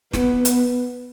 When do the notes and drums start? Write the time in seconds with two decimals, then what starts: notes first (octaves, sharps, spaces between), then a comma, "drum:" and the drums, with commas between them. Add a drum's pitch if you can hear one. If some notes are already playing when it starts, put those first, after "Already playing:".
0.13 B3, drum: snare
0.45 drum: hi-hat